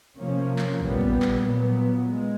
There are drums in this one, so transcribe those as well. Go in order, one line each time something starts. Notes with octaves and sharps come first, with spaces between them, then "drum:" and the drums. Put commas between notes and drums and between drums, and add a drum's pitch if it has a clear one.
C3 F3 A#3 C#4
drum: clap
A#2 G3 B3, drum: kick
drum: kick
drum: clap
A#2 F#3 B3
G#3